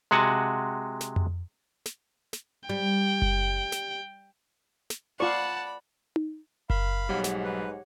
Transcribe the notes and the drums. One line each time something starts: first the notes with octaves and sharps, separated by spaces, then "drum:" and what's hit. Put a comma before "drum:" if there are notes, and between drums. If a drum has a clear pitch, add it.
C3 G#3 F#4 F#5 G#5 A5
drum: snare
drum: tom F2
drum: snare
drum: snare
G3 G5
drum: kick F#1
drum: snare
drum: snare
F4 D5 F#5 A5 B5 C#6
drum: tom D#4
A#4 F5 B5, drum: kick F#1
B1 G#2 F#3 G3 G4 C#5 F#5
drum: snare
B4